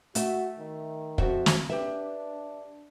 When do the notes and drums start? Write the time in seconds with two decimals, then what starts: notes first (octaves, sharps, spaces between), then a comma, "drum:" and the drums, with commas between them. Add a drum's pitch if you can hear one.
0.15 A3 F#4 E5, drum: hi-hat
0.59 D#3
1.18 F2 F#4 E5, drum: kick
1.46 drum: snare
1.70 D4 G4 B4 E5